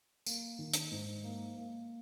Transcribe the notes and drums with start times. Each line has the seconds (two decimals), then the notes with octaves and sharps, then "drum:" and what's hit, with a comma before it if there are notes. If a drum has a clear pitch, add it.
0.26 A#3, drum: tambourine
0.59 D#3
0.74 drum: hi-hat
0.91 G#2
1.24 A#3
1.56 A#3